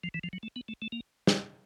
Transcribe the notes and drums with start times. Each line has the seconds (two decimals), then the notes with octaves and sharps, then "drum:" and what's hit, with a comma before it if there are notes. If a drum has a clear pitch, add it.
0.04 F3
0.14 E3
0.24 F3
0.33 F#3
0.43 A3
0.56 B3
0.68 A3
0.82 A3
0.92 A#3
1.27 drum: snare